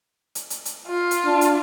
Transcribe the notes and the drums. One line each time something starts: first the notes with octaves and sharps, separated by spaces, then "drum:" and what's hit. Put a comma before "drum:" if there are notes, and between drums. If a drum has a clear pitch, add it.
drum: hi-hat
drum: hi-hat
drum: hi-hat
F4
drum: hi-hat
D4
drum: hi-hat